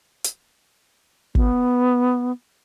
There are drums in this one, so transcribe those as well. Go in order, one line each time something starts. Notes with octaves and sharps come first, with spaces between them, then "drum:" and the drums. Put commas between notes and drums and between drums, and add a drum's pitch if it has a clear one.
drum: hi-hat
B3, drum: kick